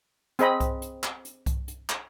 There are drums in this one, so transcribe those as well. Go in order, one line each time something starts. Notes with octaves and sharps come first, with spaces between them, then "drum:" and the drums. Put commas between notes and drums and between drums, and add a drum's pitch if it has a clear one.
C4 G#4 D#5 B5, drum: hi-hat
drum: kick C2, hi-hat
drum: hi-hat
drum: clap
drum: hi-hat
drum: kick C2, hi-hat
drum: hi-hat
drum: clap